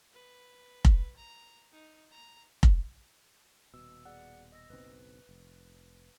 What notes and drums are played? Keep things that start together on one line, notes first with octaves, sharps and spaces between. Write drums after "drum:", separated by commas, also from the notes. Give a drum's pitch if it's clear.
B4
drum: kick F1
A#5
D#4
A#5
drum: kick F1
D#1 B2 E6
G#4 D5 F#5
D#5 E6 A#6
F#1 B1 C4 B4
F1